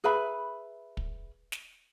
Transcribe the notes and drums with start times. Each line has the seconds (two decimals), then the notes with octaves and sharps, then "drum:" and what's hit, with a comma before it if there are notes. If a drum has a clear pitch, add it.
0.04 G#4 B4 E5 B5
0.97 drum: kick
1.52 drum: snare